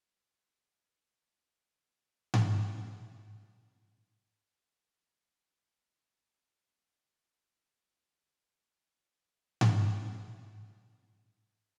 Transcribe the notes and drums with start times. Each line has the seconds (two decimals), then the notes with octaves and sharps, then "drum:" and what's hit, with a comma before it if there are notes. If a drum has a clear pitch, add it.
1.19 G2 F3 C5
2.34 drum: tom G#2
5.48 A5 A#5
5.67 C#4 F4 G#4 C5 C#5
5.88 F#4 G4 A4
6.01 D#3 F#3
6.66 F2 E4 A4
9.08 D4 G5
9.61 drum: tom G#2